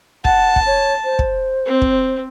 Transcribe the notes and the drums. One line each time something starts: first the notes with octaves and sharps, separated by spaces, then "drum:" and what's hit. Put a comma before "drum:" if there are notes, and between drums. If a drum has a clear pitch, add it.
F#5 A5, drum: kick
drum: kick
C#5
C5
drum: kick
C4
drum: kick